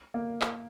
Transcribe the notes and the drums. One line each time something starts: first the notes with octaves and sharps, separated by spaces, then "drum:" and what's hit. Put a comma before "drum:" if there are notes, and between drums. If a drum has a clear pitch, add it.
A#3
drum: clap